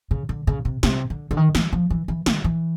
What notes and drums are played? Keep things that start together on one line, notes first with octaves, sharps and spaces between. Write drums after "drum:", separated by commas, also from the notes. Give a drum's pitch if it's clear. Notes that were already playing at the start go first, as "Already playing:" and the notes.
C#3
D3
C#3
C3
C3, drum: snare
D3
D3
D#3
E3, drum: snare
F3
E3
E3
D#3, drum: snare
E3